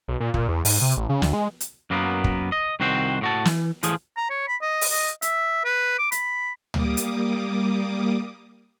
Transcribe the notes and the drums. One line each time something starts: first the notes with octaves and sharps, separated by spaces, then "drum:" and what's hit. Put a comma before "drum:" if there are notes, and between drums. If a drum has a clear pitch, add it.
B1
A#2
A#2, drum: kick
E2
G#2, drum: open hi-hat
C3
A1
C#3
D2, drum: snare
G#3
drum: hi-hat
F#2 F#3 A#3 B3
drum: kick
D#5
C2 D#3 C4 F#4 C5
A2 F#4 A5
E3, drum: snare
A2 E3 F3 G#4, drum: hi-hat
A#5
C#5
B5
D#5
drum: open hi-hat
D#5
E5, drum: hi-hat
B4
D6
B5, drum: hi-hat
G3 A#3 D6 D#6, drum: tom C#2
drum: hi-hat